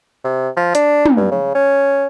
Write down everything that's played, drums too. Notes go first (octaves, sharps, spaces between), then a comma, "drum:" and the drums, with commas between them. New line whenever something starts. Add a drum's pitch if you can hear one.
C3
F3
D4, drum: hi-hat
drum: tom
G2
C#3
C#4